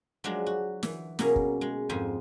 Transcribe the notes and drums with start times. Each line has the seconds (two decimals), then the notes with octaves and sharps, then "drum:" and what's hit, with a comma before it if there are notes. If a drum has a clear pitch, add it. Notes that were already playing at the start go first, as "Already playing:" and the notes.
0.24 F3 F#3 G#3 D4
0.46 F#4
0.83 E3, drum: snare
1.19 B2 F#3 A#3 C#4 G#4, drum: snare
1.36 drum: kick
1.61 G#3
1.89 F2 G#2 F3 C5 G#5